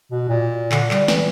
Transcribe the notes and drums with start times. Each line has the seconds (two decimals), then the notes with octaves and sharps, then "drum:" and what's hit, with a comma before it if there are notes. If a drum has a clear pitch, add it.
0.11 B2
0.29 A#2
0.72 D3, drum: clap
0.91 G3, drum: clap
1.08 E3, drum: snare